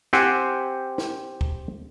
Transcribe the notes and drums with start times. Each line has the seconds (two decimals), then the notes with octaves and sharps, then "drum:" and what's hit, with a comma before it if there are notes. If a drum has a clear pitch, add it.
0.13 C4 G4 C5 F#5 G#5, drum: snare
0.98 drum: snare
1.41 drum: kick